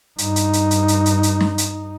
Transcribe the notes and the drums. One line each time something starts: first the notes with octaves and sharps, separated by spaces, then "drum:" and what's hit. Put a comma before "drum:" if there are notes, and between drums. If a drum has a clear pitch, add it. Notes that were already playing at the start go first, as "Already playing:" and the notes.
G2 D#4, drum: hi-hat
drum: hi-hat
drum: hi-hat
drum: hi-hat
drum: hi-hat
drum: hi-hat
drum: hi-hat
drum: snare
drum: hi-hat